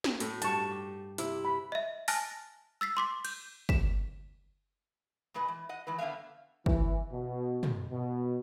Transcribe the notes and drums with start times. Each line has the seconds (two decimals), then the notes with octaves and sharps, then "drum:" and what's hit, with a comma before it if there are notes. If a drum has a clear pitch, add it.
0.04 drum: snare
0.20 A2 F#4, drum: hi-hat
0.42 G2 A5 C#6, drum: hi-hat
0.71 G4
1.18 C3 E4, drum: hi-hat
1.45 B5
1.72 D#5 E5
2.08 G#5 A5 F6 F#6 A6 A#6, drum: open hi-hat
2.81 E6 A6 B6 C7
2.97 C6 D6 B6
3.25 G6, drum: cymbal
3.69 B6 E7, drum: kick
5.34 B2 G#3 B4 D#5
5.48 E3
5.69 D#5 F#5
5.87 E3 G#3 B4
5.98 A#2 D3 A3 B3 E5 F5
6.66 E3, drum: kick
7.12 B2
7.63 drum: tom
7.91 B2